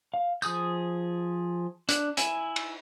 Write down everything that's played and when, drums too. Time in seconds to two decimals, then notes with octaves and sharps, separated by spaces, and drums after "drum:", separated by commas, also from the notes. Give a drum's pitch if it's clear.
0.14 F5
0.42 F3 G#4 D#6 G6, drum: tambourine
1.89 D4 F#6, drum: hi-hat
2.17 E4 E5 G#5, drum: hi-hat
2.56 drum: cymbal